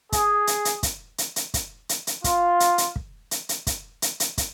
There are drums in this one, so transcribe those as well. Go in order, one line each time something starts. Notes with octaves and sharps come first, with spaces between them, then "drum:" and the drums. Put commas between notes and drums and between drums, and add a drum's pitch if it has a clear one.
G#4, drum: kick, hi-hat
drum: hi-hat
drum: hi-hat
drum: kick, hi-hat
drum: hi-hat
drum: hi-hat
drum: kick, hi-hat
drum: hi-hat
drum: hi-hat
F4, drum: kick, hi-hat
drum: hi-hat
drum: hi-hat
drum: kick
drum: hi-hat
drum: hi-hat
drum: kick, hi-hat
drum: hi-hat
drum: hi-hat
drum: kick, hi-hat